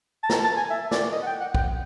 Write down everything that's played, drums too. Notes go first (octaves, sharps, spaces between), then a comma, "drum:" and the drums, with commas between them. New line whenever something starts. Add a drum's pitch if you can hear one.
A5
A#5, drum: snare
A5
G#5
E5
D5, drum: snare
D#5
F#5
G5
F#5
G5, drum: kick